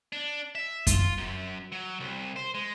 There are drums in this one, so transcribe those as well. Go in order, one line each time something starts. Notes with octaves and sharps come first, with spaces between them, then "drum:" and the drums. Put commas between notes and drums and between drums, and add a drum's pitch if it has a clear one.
D4
E5
F4, drum: kick F#2, hi-hat
F#2
F#3
C2
C5
G#3